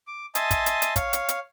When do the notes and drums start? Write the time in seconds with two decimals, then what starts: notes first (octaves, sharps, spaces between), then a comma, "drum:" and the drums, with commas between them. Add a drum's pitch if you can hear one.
0.07 D6
0.35 D#5 E5 G#5 A5 C6 D#6, drum: hi-hat
0.51 drum: kick, hi-hat
0.66 drum: hi-hat
0.82 drum: hi-hat
0.96 C#5 F5, drum: kick, hi-hat
1.13 drum: hi-hat
1.29 drum: hi-hat